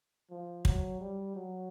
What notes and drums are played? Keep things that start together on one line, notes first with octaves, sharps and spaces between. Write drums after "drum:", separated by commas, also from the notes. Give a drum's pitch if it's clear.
F3
F#3, drum: kick
G3
F#3